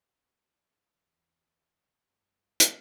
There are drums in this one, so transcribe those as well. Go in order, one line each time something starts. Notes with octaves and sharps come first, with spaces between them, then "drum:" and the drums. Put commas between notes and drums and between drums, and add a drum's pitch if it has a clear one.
E2
G2
drum: hi-hat